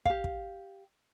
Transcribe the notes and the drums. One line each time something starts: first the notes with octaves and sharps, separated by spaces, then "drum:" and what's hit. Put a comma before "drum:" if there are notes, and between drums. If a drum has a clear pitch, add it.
G4 F5, drum: kick
drum: kick